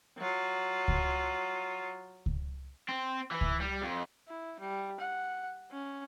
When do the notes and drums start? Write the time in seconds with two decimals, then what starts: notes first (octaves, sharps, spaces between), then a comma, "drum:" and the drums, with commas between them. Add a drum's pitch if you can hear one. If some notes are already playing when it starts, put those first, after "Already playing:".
0.18 F#3 F4
0.88 drum: kick C#2
2.26 drum: kick C#2
2.89 C4
3.31 E3
3.41 drum: kick C#2
3.61 G3
3.83 F2
4.28 E4
4.59 G3
5.00 F#5
5.71 C#4